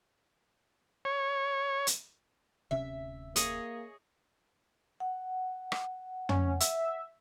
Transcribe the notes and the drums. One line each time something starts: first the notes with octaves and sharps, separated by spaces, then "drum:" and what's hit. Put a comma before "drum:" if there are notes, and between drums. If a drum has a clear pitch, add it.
C#5
drum: hi-hat
D1 C3 C#4 E5
A#3 G#4 C#5 D#5, drum: hi-hat
F#5
drum: rim click
C#4, drum: tom
E5, drum: hi-hat